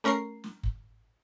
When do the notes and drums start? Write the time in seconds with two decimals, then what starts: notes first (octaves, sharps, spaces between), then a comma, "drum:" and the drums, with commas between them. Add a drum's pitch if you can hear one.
0.04 A3 C#4 A#4 A#5 C7
0.44 drum: snare
0.63 drum: kick